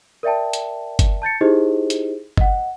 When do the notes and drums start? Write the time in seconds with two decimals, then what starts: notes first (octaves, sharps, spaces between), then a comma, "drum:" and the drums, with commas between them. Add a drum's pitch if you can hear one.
0.23 A#4 D5 E5 G5 A5
0.53 drum: hi-hat
0.99 drum: kick, hi-hat
1.22 A5 G6 A6 C#7
1.41 D#4 E4 G4 G#4 C5 D#5
1.90 drum: hi-hat
2.37 D#5 F#5, drum: kick